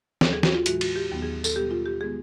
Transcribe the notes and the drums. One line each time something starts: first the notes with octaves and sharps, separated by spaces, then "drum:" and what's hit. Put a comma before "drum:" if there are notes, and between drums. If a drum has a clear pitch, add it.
D#2 C#3 F#3 B3 A4, drum: snare
G#4
F#4, drum: snare
F4
A2 E3 G#3 F#4, drum: hi-hat
F#4, drum: cymbal
G4
D#2 D#3 F#3 B3
G#4
A4, drum: tambourine
B2 G3 B3 G4
F4
G4
D#3 G#3 B3 G#4